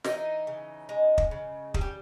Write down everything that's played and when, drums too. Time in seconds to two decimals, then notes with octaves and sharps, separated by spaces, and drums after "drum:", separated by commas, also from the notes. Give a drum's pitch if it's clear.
0.04 E3 D#4, drum: snare
0.47 C#3
0.89 G#3
1.18 drum: kick
1.31 C#3
1.74 G3 G#4, drum: kick
1.81 G4